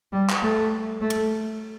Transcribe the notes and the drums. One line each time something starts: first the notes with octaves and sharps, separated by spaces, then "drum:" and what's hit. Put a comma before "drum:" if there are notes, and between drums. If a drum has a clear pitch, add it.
G3
drum: clap
A3
A3
drum: cymbal